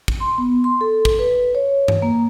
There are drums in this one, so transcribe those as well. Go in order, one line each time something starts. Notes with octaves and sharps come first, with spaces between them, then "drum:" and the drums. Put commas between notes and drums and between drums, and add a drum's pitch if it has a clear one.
drum: kick
C6
B3
C6
A4
drum: kick
B4
C#5
drum: tom G2
A#3